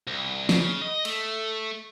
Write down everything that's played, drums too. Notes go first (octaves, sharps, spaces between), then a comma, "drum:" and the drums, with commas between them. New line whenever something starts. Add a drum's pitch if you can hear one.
C2
C#3, drum: snare
D#5
A3, drum: cymbal